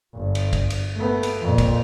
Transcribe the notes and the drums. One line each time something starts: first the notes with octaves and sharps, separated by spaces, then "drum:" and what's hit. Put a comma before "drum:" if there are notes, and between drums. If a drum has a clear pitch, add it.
G1
drum: cymbal
drum: kick, cymbal
drum: cymbal
A3 B3
drum: cymbal
F2 A#2
drum: kick, cymbal